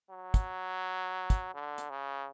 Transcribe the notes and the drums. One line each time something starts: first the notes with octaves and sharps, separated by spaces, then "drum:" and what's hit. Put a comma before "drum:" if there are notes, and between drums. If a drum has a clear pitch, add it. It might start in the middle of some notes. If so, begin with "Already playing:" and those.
F#3
drum: kick, hi-hat
drum: kick, hi-hat
D3
drum: hi-hat
C#3